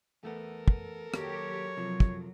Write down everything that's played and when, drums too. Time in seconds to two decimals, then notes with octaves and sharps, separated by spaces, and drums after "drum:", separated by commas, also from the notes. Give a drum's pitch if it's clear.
0.23 E2 A3 B3 A4 A#4
0.68 drum: kick
1.14 D#2 F#3 G4 C#5, drum: rim click
1.77 C3 F3 F#3
2.00 drum: kick